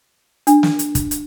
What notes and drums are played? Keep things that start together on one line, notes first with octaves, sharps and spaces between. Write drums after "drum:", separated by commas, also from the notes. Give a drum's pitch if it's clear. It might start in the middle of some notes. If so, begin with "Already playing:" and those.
D4, drum: hi-hat
drum: snare
drum: hi-hat
drum: kick, hi-hat
drum: hi-hat